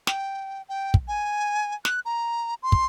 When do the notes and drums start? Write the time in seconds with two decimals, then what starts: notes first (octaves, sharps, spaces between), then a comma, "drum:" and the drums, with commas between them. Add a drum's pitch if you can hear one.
0.07 G5, drum: snare
0.69 G5
0.94 drum: kick
1.08 G#5
1.85 F#6, drum: snare
2.05 A#5
2.63 C6
2.72 drum: kick